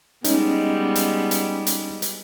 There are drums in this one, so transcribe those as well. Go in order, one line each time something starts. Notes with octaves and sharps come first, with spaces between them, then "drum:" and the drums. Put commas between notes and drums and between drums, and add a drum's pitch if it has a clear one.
G3 G#3 B3 C#4 D#4, drum: hi-hat
drum: hi-hat
drum: hi-hat
drum: hi-hat
drum: hi-hat